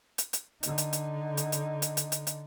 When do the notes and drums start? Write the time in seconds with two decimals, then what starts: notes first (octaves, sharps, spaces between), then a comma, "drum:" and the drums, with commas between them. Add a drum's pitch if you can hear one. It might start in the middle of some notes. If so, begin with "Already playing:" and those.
0.18 drum: hi-hat
0.33 drum: hi-hat
0.63 D3 D#4, drum: hi-hat
0.78 drum: hi-hat
0.93 drum: hi-hat
1.37 drum: hi-hat
1.52 drum: hi-hat
1.82 drum: hi-hat
1.97 drum: hi-hat
2.12 drum: hi-hat
2.27 drum: hi-hat